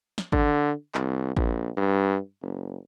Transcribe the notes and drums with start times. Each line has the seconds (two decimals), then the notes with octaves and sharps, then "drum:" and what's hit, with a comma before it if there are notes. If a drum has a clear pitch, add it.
0.18 drum: snare
0.32 D3, drum: kick G#1
0.95 C2, drum: clap
1.37 A#1, drum: kick G#1
1.77 G2
2.42 F#1